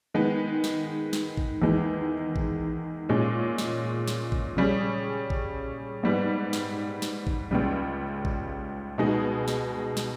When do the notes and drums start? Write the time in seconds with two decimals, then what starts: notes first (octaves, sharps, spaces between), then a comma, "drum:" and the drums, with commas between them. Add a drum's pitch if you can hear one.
0.14 D#3 G#3 B3
0.64 drum: snare
1.13 drum: snare
1.37 drum: kick A1
1.62 E2 D#3 G#3
2.36 drum: kick A1
3.09 A#2 G#3 C#4
3.58 drum: snare
4.08 drum: snare
4.32 drum: kick A1
4.57 C#3 G3 C#4 G#4
5.30 drum: kick A1
6.03 G#2 G3 B3
6.53 drum: snare
7.02 drum: snare
7.27 drum: kick A1
7.51 C#2 C#3 G3
8.25 drum: kick A1
8.98 B2 G#3 D#4 G#4
9.48 drum: snare
9.97 drum: snare